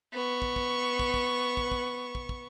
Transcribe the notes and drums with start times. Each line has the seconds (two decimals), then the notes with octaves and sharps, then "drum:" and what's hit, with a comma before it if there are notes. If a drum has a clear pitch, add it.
0.13 B3 C#6
0.42 drum: kick
0.56 drum: kick
0.99 drum: kick
1.14 drum: kick
1.57 drum: kick
1.72 drum: kick
2.15 drum: kick
2.29 drum: kick